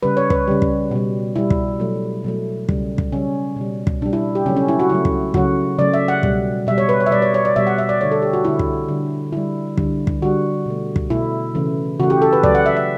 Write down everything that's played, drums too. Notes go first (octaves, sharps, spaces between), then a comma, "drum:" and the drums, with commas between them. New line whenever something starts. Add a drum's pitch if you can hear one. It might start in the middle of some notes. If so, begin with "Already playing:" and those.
C#3 G3 B4
C#5
B4, drum: kick
C#3 G3
drum: kick
B2 G3
B2 G3 E4
drum: kick
B2 F#3 A3
B2 F#3 A3
C#3 G3, drum: kick
drum: kick
C#3 G3 C#4
B2 G3
drum: kick
B2 G3 D4
E4
G4
C#3 F#3 A3 C#4
C#4
E4
F#4
C#3 F#3 A3 E4
drum: kick
C#3 F#3 A3 F#4, drum: kick
C#3 F#3 A3 D5
E5
F#5
B2 G3, drum: kick
B2 G3 E5
C#5
B4
C#5
E5
B2 G3 D5
C#5
C#5
D5
B2 G3 E5
F#5
E5
D5
D3 A3 C#5
A4
G4
F#4
D3 A3 E4
drum: kick
D3 G3
D3 G3 E4
D3 G3, drum: kick
drum: kick
D3 G3 F#4
B2 A3
drum: kick
B2 A3 E4
C#3 E3 A3
C#3 E3 A3 F#4
G4
A4
B4
C#3 F#3 A3 D5, drum: kick
F#5
E5
E5